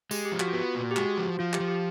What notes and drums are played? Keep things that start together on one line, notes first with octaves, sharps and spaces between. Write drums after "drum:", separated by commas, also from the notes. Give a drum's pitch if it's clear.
G#3 G4, drum: tambourine
G4
F3
F#4, drum: clap
F4
B3 F#4
A#2
G4
G#3 F#4, drum: clap
F3
F3 F4
G4, drum: clap
F3
G4